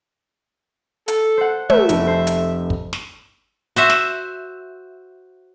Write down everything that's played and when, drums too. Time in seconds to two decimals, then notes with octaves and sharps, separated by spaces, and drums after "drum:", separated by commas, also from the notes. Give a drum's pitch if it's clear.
1.08 A4, drum: hi-hat
1.37 C5 F#5
1.70 A3 E5, drum: tom
1.89 F1, drum: hi-hat
2.07 C5
2.27 drum: hi-hat
2.70 drum: kick
2.93 drum: snare
3.76 F#4 C5 E5
3.90 drum: snare